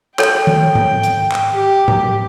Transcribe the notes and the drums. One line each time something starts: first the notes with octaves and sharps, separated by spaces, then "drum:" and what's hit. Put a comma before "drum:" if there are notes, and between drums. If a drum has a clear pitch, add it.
A4 C#5 G5, drum: clap
drum: tom D#3
drum: tom G#2
drum: hi-hat
drum: clap
G4
drum: tom G#2